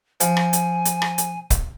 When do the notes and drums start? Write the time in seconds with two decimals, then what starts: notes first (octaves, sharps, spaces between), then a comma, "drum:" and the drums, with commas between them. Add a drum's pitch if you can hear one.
0.20 F3 G#5, drum: hi-hat
0.37 drum: rim click
0.53 drum: hi-hat
0.85 drum: hi-hat
1.02 drum: rim click
1.18 drum: hi-hat
1.50 drum: kick C#1, hi-hat